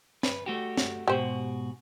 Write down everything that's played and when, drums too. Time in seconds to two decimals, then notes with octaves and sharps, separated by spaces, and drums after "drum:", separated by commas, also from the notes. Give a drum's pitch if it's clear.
0.23 B4, drum: snare
0.46 A3 F#4 G4
0.77 drum: snare
1.08 G#2 B2 F#4 G4 C5